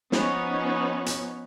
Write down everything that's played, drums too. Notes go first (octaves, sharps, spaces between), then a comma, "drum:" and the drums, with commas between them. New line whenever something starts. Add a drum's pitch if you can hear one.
F3 B3 C#4 D#4 C#5, drum: snare
drum: hi-hat